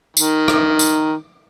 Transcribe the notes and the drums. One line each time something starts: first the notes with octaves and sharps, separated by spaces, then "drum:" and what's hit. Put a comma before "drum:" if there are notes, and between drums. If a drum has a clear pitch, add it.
D#3, drum: tambourine
drum: rim click
drum: tambourine